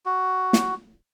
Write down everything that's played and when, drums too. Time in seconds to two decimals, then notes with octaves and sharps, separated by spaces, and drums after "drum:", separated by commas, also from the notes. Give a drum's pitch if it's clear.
0.06 F#4
0.53 drum: snare